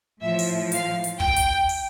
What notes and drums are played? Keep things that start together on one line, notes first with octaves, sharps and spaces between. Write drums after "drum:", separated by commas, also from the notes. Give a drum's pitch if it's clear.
A2 F3 E5
drum: open hi-hat
F5, drum: hi-hat
drum: hi-hat
G5, drum: kick
drum: hi-hat
drum: open hi-hat